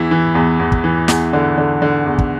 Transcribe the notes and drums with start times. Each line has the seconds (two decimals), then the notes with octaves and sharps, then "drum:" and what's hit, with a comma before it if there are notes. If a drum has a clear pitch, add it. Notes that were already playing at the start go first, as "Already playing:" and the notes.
Already playing: E2 E3 E4
0.11 E3
0.35 E2
0.59 E2
0.72 drum: kick
0.84 E3
1.08 E2, drum: snare
1.33 D3
1.58 D3
1.82 D3
2.06 E2
2.18 drum: kick